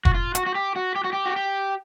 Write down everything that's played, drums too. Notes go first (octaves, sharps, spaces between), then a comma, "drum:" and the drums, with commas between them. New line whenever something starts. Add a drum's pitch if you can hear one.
F#4, drum: kick F1
F4
F#4, drum: hi-hat
F#4
G4
F#4
G4
F#4
G4
F#4
G4